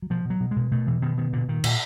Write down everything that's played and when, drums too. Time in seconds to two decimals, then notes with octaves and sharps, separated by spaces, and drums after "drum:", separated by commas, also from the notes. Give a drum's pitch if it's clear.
0.02 F#3
0.10 B2 F3
0.25 B2 F#3
0.41 B2
0.51 G#3
0.56 B2
0.71 B2 A3
0.87 B2 E3
1.02 B2 D#3
1.17 B2 D#3
1.33 A#2 D3
1.48 A#2 D#3
1.64 A#2, drum: cymbal